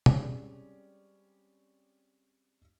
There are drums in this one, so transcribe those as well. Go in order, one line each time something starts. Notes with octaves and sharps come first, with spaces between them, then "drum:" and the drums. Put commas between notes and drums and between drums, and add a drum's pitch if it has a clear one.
G3 G#3 C4 C#4 D5, drum: tom